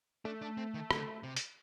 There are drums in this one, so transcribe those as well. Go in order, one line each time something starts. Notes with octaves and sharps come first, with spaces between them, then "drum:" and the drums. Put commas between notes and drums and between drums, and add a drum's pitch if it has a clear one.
A3 D4
D4
C4
D#3
D3, drum: rim click
C3
drum: hi-hat